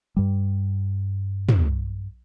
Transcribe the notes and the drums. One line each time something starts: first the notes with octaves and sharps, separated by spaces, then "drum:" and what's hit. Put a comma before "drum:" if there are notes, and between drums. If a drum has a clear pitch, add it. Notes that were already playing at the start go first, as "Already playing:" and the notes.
G2 G3
drum: tom